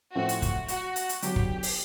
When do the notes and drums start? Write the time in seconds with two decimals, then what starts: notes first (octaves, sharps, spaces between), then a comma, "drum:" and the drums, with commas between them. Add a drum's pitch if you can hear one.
0.15 A2 F3 A3 C4 F#4
0.29 drum: hi-hat
0.42 drum: kick, hi-hat
0.68 F#4, drum: hi-hat
0.96 drum: hi-hat
1.09 drum: hi-hat
1.22 D3 F#3 B3 D4 G4, drum: hi-hat
1.36 drum: kick
1.63 drum: open hi-hat